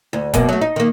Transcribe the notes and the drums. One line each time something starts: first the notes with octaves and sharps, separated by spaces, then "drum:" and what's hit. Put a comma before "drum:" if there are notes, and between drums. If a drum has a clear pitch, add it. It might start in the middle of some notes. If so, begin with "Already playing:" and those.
D2
F#2 B2 A#3, drum: kick E1, hi-hat
F#3 A3
D#4
D#3 A#3